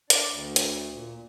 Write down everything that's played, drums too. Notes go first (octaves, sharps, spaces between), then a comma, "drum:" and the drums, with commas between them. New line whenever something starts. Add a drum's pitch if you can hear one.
D4 D5, drum: hi-hat
D2
drum: hi-hat
A#2